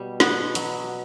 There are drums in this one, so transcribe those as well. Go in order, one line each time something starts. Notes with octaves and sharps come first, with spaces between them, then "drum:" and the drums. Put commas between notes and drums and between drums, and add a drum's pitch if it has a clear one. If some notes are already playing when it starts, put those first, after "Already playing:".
Already playing: B2 G3
B3 F#4, drum: snare
F#3, drum: hi-hat